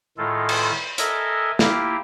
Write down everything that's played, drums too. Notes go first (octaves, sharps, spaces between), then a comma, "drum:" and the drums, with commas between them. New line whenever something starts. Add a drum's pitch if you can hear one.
A2 D#3 G#3 F4 A4
drum: cymbal
A4 A#4 D#5 E5 G#5, drum: hi-hat
A#3 E4 F4 G4, drum: snare